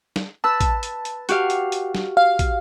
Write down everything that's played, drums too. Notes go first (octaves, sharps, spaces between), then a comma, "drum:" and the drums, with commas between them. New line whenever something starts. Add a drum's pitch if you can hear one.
drum: snare
B4 A5 E6
drum: kick, hi-hat
drum: hi-hat
drum: hi-hat
F#4 G4 F5, drum: hi-hat
drum: hi-hat
drum: hi-hat
drum: snare
F5
drum: kick, hi-hat